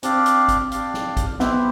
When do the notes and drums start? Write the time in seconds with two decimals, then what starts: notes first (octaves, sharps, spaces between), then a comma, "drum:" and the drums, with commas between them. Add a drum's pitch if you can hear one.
0.03 C4 D4 G4 D5 F5, drum: hi-hat
0.26 drum: hi-hat
0.48 drum: kick G#1, hi-hat
0.72 D4 G4 D5 F5, drum: hi-hat
0.94 drum: snare
1.17 drum: kick G#1, hi-hat
1.39 B3 E4 G4 C5 E5, drum: snare